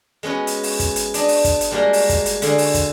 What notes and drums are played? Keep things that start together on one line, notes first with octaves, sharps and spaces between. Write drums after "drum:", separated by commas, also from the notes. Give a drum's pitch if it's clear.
G#3 B3 C#4 F#4
drum: hi-hat
drum: open hi-hat
drum: kick, hi-hat
drum: hi-hat
D4 D#5, drum: hi-hat
drum: open hi-hat
drum: kick, hi-hat
drum: hi-hat
G3 G#3 A#3 F#4 A#4
drum: open hi-hat
drum: kick, hi-hat
drum: hi-hat
D3 F#4 G#4 F5, drum: hi-hat
drum: open hi-hat
drum: kick, hi-hat